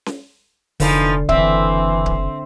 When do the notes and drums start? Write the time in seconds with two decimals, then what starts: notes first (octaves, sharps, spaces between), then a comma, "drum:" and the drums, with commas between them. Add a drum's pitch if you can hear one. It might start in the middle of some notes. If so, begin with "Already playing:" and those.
0.06 drum: snare C#4
0.80 F1 D3 E3 F3 D#4, drum: open hi-hat
1.29 F#1 E3 C4 E5, drum: kick C#1
2.06 drum: kick C#1